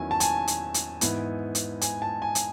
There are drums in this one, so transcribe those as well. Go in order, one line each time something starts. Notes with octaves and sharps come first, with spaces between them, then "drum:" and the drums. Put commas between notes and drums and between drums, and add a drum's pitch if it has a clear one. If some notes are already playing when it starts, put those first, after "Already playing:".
Already playing: E2 D#3 F#3 C#4 E4 G#5
A5
G#5, drum: hi-hat
drum: hi-hat
drum: hi-hat
G#2 E3 B3 E4, drum: hi-hat
drum: hi-hat
G#5, drum: hi-hat
A5
G#5
drum: hi-hat